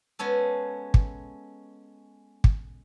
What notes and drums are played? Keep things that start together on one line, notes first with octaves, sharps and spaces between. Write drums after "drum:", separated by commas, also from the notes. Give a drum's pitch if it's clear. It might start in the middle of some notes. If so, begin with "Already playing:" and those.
G#3 B3 C#4 A4
drum: kick
drum: kick